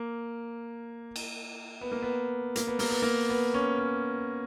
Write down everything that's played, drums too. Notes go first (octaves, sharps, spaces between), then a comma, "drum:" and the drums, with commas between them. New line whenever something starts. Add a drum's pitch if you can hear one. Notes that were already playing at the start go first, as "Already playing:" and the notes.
Already playing: A#3
drum: cymbal
B3
A#3
B3
A#3, drum: hi-hat
B3
A#3, drum: open hi-hat
B3
A#3
B3
C#4
C#4